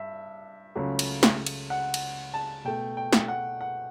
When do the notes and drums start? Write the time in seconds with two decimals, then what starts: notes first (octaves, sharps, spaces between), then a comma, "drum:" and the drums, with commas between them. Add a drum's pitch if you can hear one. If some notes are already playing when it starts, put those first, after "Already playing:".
Already playing: G2 E5
0.75 C#2 C#3 F#3 A3
0.99 drum: cymbal
1.23 drum: snare
1.47 drum: cymbal
1.70 F#5
1.94 drum: cymbal
2.34 A5
2.65 B2 A3 G5
2.97 G5
3.13 drum: snare
3.28 F#5
3.61 F#5